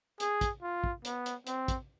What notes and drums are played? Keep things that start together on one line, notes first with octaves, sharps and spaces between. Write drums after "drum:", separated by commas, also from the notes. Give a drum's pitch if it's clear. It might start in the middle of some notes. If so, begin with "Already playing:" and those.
G#4, drum: hi-hat
drum: kick, hi-hat
F4
drum: kick
B3, drum: hi-hat
drum: hi-hat
C4, drum: hi-hat
drum: kick, hi-hat